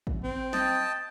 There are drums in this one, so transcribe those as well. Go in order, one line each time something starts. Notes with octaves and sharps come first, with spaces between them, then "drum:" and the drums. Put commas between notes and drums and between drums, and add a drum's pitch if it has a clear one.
drum: kick
C4
D#5 G5 A5, drum: snare